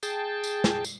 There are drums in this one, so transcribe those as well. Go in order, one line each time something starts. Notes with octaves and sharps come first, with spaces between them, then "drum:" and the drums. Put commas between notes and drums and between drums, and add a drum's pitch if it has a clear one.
G#4 G5 A5, drum: tambourine
drum: tambourine
drum: snare
drum: tambourine